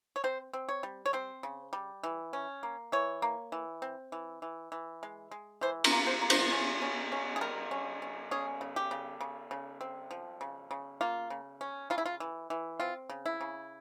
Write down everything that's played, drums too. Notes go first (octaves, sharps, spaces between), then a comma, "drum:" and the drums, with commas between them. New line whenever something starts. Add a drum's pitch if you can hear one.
C#5
C4 C5
C4
C#5
G3
C#5
C4 C5
C#3
G3
E3
C#4
A#3
E3 C#5
A#3
E3
C4
E3
E3
E3
G#3
G#3
E3 C5
A#4, drum: cymbal
A#3
C5
A#3
C5, drum: cymbal
C#4
C#4
C#4
G#4
G3 A#4
C#4
C#4
C#4 G#4
C#3
G4
C#3
C#3
C#3
C4
F3
C#3
C#3
A#3 F4
C#3
C#4
C#3 F4
E4
F4
E3
E3
C4 F4
C#3
E4
C#3